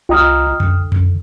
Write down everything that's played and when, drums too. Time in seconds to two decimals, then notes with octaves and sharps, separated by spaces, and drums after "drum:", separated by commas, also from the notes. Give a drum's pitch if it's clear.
0.09 C2 F4 D#5 G5 A#5 D#6 F6
0.60 C2 D3, drum: tom F2
0.92 drum: tom F2